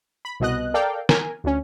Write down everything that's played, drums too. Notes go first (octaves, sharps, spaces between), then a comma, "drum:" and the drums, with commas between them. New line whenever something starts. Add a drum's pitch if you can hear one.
B5
C2 B2 D#5 F#6
A4 A#4 D5 F5 G5
A#4 G#5, drum: snare
D2 C#4